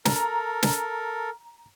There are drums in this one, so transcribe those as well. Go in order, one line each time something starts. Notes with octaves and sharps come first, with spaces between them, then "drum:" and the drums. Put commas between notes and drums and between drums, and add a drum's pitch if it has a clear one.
A4 A#4 A#5, drum: snare
drum: snare